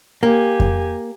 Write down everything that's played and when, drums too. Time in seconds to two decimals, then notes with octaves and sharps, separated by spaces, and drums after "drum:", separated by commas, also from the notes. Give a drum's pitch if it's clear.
0.23 A#3 G4 G#5
0.60 drum: kick F2